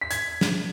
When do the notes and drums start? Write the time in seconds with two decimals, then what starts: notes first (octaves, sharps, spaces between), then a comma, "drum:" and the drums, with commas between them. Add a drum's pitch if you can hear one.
0.01 B6
0.11 G#6, drum: hi-hat
0.41 drum: snare